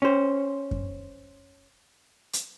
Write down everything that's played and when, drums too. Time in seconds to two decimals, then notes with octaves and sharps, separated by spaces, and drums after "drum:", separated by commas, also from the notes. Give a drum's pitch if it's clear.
0.02 C#4 C5
0.71 drum: kick F#2
2.33 drum: hi-hat